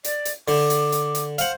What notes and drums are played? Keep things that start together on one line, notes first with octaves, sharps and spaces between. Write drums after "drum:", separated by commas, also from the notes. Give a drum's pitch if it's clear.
D5, drum: hi-hat
drum: hi-hat
D3 D6, drum: open hi-hat
drum: hi-hat
drum: hi-hat
drum: hi-hat
C5 F5 F#5, drum: hi-hat